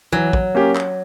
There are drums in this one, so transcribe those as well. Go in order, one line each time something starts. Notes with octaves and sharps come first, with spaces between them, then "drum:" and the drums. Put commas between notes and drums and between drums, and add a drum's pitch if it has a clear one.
E3 F#3
drum: kick
A#3 C#4 G4
drum: clap